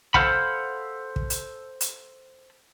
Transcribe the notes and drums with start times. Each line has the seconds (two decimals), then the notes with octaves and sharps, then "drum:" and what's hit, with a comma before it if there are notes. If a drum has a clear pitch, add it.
0.14 A4 B4 C5 F5 F#5 B5, drum: kick
1.16 drum: kick
1.30 drum: hi-hat
1.81 drum: hi-hat